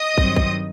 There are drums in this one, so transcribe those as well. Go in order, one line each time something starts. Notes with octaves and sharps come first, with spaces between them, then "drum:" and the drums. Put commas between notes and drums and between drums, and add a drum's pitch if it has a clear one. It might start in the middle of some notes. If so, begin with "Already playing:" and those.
Already playing: D#5 D#6
G2 D#3 F#3 C4, drum: kick
drum: kick